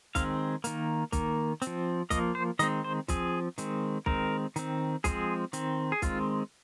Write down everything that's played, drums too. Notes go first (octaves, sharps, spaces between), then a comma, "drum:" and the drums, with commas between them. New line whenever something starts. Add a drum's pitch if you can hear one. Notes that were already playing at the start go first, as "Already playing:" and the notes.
D#3 G#3 C4 F5, drum: kick, hi-hat
D#3 A#3, drum: hi-hat
D#3 A#3, drum: kick, hi-hat
C4, drum: hi-hat
F3
F3 A#3 D#5, drum: kick, hi-hat
C5
D#3 G#3 C4 D#5, drum: hi-hat
C5
F3 C4 G#4, drum: kick, hi-hat
D#3 G#3 C4, drum: hi-hat
D#3 G#3 C4 A#4, drum: kick
D#3 C4, drum: hi-hat
F3 G#3 C4 G#4, drum: kick, hi-hat
D#3 C4, drum: hi-hat
G#4
D#3 G#3 C4 F4, drum: kick, hi-hat